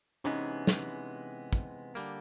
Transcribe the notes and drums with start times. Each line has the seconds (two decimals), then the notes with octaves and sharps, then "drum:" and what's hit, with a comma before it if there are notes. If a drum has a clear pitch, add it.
0.24 C3 E3 G#3 B3 C#4 D#4
0.67 drum: snare
1.53 drum: kick
1.95 D3 G3 A#3